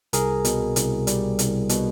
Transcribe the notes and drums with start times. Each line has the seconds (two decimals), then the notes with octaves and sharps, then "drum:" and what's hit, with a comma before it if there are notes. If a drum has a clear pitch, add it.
0.13 C2 G#4 A#4, drum: hi-hat
0.45 B2, drum: hi-hat
0.76 C2, drum: hi-hat
1.07 G3, drum: hi-hat
1.39 C2, drum: hi-hat
1.69 B2, drum: hi-hat